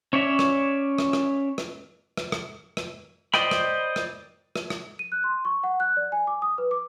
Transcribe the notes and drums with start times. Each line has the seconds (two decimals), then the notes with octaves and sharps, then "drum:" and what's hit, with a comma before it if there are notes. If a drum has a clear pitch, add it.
0.13 C#4 C#5 D5 E5
0.39 drum: rim click
0.98 drum: rim click
1.13 drum: rim click
1.58 drum: rim click
2.17 drum: rim click
2.32 drum: rim click
2.77 drum: rim click
3.34 C5 D5 D#5 G5 B5, drum: rim click
3.51 drum: rim click
3.96 drum: rim click
4.56 drum: rim click
4.70 drum: rim click
4.99 D#7
5.12 F#6
5.24 C6
5.45 C#6
5.63 F#5
5.80 F#6
5.97 D5
6.12 G#5
6.27 D6
6.42 D#6
6.58 B4
6.71 D6